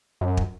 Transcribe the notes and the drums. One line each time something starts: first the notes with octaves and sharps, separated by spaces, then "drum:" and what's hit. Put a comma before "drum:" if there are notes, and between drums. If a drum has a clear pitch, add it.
F#2
drum: kick